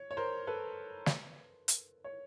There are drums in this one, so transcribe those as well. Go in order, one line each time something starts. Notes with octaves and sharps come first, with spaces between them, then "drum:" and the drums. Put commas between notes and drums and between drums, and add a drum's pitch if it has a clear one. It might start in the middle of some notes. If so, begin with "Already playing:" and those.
Already playing: C#5
C#5
A#4 C5
A4 B4
drum: snare
drum: hi-hat
C#5